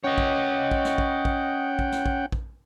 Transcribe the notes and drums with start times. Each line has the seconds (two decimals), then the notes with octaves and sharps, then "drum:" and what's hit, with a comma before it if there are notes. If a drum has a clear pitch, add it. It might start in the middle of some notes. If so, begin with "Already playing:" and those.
0.04 C#4 C#5 D#5 F#5 G5
0.18 drum: kick
0.71 drum: kick
0.85 drum: snare
0.98 drum: kick
1.25 drum: kick
1.79 drum: kick
1.92 drum: snare
2.06 drum: kick
2.32 drum: kick